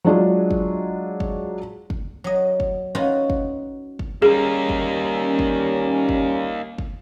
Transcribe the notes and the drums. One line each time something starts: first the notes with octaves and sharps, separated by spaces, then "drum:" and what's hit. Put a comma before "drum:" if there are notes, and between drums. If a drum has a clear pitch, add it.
F#3 G#3 D4 F4 G#4
drum: kick
drum: kick
drum: kick
F#3 D#5
drum: kick
C#4 D#4 F4 F#4 B4 D#5
drum: kick
drum: kick
G3 A#3 C#4 D#4 G#4
drum: kick
drum: kick
drum: kick
drum: kick